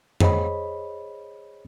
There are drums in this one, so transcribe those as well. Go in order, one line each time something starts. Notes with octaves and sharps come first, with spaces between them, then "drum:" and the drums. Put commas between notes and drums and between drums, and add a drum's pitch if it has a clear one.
G#4 C5 C#5 D#5 B5, drum: tom F2